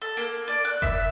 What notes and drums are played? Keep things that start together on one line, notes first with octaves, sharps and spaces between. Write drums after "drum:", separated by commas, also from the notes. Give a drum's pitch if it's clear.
A4
A#3
D5
F#6
E5, drum: kick F#1